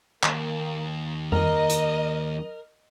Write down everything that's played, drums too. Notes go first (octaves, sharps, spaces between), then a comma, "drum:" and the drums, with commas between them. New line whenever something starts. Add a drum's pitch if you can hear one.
D#2 A#3, drum: clap
A#4 D#5, drum: tom F2
drum: hi-hat